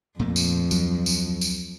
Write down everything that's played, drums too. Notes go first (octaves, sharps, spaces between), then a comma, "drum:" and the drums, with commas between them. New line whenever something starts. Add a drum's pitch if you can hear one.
F2 A#2 A3 A#3
drum: tambourine
D2 F#3, drum: tambourine
drum: tambourine
drum: tambourine